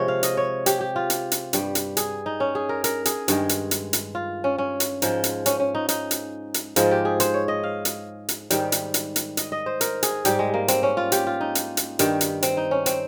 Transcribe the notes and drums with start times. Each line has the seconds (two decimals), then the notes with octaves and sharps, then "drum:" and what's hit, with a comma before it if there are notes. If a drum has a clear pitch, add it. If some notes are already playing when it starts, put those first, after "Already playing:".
Already playing: C3 F3 G#3 C#5
0.08 F5
0.23 D#5, drum: hi-hat
0.37 C#5
0.66 G4, drum: hi-hat
0.81 G4
0.96 F4
1.10 drum: hi-hat
1.32 drum: hi-hat
1.53 G2 G3, drum: hi-hat
1.75 drum: hi-hat
1.97 G#4, drum: hi-hat
2.26 D#4
2.40 C#4
2.55 G#4
2.69 A#4
2.84 A#4, drum: hi-hat
3.05 G#4, drum: hi-hat
3.28 G2 D#3 G#3, drum: hi-hat
3.49 drum: hi-hat
3.71 drum: hi-hat
3.93 drum: hi-hat
4.15 F4
4.44 C#4
4.58 C#4
4.80 drum: hi-hat
5.02 G#2 F3 G#3, drum: hi-hat
5.24 drum: hi-hat
5.46 C#4, drum: hi-hat
5.60 C#4
5.75 D#4
5.89 D#4, drum: hi-hat
6.11 drum: hi-hat
6.54 drum: hi-hat
6.76 G#2 F3 G#3 F4, drum: hi-hat
6.91 G4
7.05 G#4
7.20 C5, drum: hi-hat
7.34 C#5
7.48 D#5
7.64 F5
7.85 drum: hi-hat
8.29 drum: hi-hat
8.50 G#2 D#3 G3, drum: hi-hat
8.72 drum: hi-hat
8.94 drum: hi-hat
9.16 drum: hi-hat
9.37 D#5, drum: hi-hat
9.52 D#5
9.66 C5
9.81 A#4, drum: hi-hat
10.03 G#4, drum: hi-hat
10.25 G#2 G3 G4, drum: hi-hat
10.39 G#3
10.54 A#3
10.68 C4, drum: hi-hat
10.83 C#4
10.97 F4
11.12 G4, drum: hi-hat
11.27 F4
11.41 D#4
11.55 drum: hi-hat
11.77 drum: hi-hat
11.99 G2 D#3 G3, drum: hi-hat
12.21 drum: hi-hat
12.42 C4, drum: hi-hat
12.57 D#4
12.71 C#4
12.86 C4, drum: hi-hat